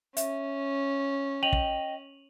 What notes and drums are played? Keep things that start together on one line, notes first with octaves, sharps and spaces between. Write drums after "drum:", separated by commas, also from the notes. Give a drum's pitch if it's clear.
C#4 E5, drum: hi-hat
D#5 G5 D#7 F7 F#7
drum: kick